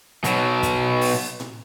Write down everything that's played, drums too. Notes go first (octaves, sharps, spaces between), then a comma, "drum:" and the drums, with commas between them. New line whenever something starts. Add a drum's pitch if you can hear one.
B2 F#3, drum: hi-hat
drum: kick, hi-hat
drum: open hi-hat
drum: tom A2